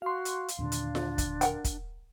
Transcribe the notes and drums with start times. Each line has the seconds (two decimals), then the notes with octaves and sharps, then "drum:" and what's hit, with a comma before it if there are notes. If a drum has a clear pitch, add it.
0.02 F#4 F5 C6
0.25 drum: hi-hat
0.48 drum: hi-hat
0.59 D#2 A#2 D3 D4
0.72 drum: hi-hat
0.95 drum: snare F4
1.18 drum: kick, hi-hat
1.41 A#4 F#5 G5, drum: hi-hat
1.65 drum: kick, hi-hat